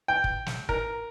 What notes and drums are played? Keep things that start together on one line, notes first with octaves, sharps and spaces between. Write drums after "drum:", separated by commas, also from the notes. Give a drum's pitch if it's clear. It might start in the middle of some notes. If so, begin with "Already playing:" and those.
G5
drum: kick
drum: snare
A#4, drum: kick